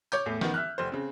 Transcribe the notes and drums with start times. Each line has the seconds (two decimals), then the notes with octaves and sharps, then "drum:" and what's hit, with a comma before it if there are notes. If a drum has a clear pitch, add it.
0.12 C#5 D6 G6, drum: tambourine
0.26 E2 A2
0.41 D#3 B3, drum: snare
0.54 E5 F6 F#6
0.78 F1 C5
0.92 C#3 C4